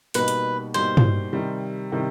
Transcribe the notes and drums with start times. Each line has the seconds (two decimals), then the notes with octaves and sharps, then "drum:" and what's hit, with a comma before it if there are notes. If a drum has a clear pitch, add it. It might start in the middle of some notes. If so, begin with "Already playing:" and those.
0.14 B2 G3 A#3 D#4 B4, drum: hi-hat
0.28 drum: hi-hat
0.74 B2 G3 A#3 D#4 C5
0.97 drum: tom
1.33 C3 D#3 G3
1.92 C3 D#3 G3